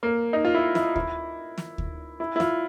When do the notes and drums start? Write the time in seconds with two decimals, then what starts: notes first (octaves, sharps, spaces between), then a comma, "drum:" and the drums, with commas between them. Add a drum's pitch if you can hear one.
0.03 A#3
0.33 D#4
0.45 F4
0.55 E4
0.75 E4, drum: snare
0.96 E4, drum: kick D2
1.58 drum: snare
1.78 drum: kick D2
2.20 E4
2.36 E4
2.40 F4, drum: snare